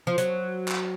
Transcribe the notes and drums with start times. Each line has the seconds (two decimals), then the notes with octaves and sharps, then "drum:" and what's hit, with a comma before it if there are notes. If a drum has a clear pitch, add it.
0.07 F3
0.18 F#3, drum: hi-hat
0.68 drum: clap